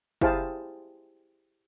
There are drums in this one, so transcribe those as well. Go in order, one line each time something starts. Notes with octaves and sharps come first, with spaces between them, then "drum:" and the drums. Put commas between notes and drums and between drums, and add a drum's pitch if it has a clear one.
E4 G4 G#4 C5 F5 A5, drum: kick